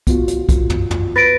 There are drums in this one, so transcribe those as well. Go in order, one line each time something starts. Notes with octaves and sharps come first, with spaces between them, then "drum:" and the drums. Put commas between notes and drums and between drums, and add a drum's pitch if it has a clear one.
B3 F4 F#4, drum: kick, hi-hat
drum: hi-hat
drum: kick, hi-hat
drum: tom
drum: tom
B4 A6 A#6 D7